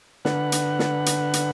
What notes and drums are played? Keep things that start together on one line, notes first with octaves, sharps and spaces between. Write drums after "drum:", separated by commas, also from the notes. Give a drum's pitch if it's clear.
D3 B4 F#5, drum: snare
drum: hi-hat
drum: snare
drum: hi-hat
drum: hi-hat